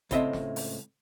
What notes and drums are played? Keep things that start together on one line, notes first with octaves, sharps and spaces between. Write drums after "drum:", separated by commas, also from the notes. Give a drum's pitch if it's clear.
C#2 A2 C4 D#5 E5 A5, drum: kick G#1, hi-hat
drum: snare
drum: open hi-hat